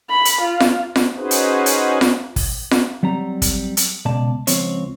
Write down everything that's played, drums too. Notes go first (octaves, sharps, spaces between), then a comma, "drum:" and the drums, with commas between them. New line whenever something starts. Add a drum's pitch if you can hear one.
B5
drum: hi-hat
F4
drum: snare F4
drum: snare F4
C#4 D#4 F#4 G#4 B4 C5
drum: hi-hat
drum: hi-hat
drum: snare F4
drum: kick, open hi-hat
drum: snare F4
F#3 G3 C4 A#5
drum: kick, hi-hat
drum: hi-hat
C#2 B2 D5 A5
C#2 F3 C4 C5 C#5, drum: hi-hat